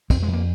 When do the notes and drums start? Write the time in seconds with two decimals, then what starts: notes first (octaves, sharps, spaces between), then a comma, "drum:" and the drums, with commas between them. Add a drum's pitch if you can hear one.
0.10 F2 C4, drum: kick, cymbal
0.23 G#3
0.28 F2
0.33 A#3